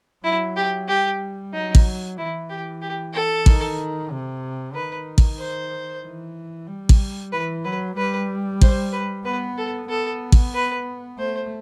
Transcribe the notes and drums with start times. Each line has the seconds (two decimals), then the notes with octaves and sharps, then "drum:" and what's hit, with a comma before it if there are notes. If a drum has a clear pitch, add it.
0.24 F#3 E4
0.56 G4
0.88 G3 G4
1.53 F#3 D#4
1.75 drum: kick A1
2.17 E3 E4
2.49 G4
2.82 G4
3.14 A4
3.46 D#3, drum: kick A1
4.11 C3
4.74 D#3 B4
5.18 drum: kick A1
5.39 C5
6.03 E3
6.68 G3
6.89 drum: kick A1
7.32 E3 B4
7.65 F#3 B4
7.97 G3 B4
8.61 C5, drum: kick A1
8.92 B4
9.25 B3 B4
9.58 A4
9.89 B3 A4
10.32 drum: kick A1
10.54 B4
11.18 A3 C5